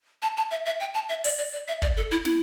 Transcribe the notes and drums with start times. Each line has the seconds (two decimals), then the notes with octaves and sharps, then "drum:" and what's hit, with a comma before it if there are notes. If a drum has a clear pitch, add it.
0.22 A5
0.37 A5
0.51 E5
0.66 E5
0.80 G5
0.94 A5
1.09 E5
1.24 D5, drum: open hi-hat
1.38 D5
1.53 D5
1.68 E5
1.82 D5, drum: kick
1.97 A4
2.11 E4
2.25 E4, drum: snare